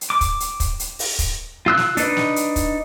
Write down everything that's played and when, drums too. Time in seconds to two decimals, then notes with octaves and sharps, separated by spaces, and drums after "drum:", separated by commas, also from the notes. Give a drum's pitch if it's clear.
0.01 drum: hi-hat
0.10 D6
0.21 drum: kick, hi-hat
0.40 drum: hi-hat
0.60 drum: kick, hi-hat
0.79 drum: hi-hat
0.99 drum: open hi-hat
1.19 drum: kick, hi-hat
1.66 F4 E6 F#6
1.77 drum: snare
1.97 D4 D#4 B4, drum: hi-hat
2.17 drum: snare
2.36 drum: hi-hat
2.56 drum: kick, hi-hat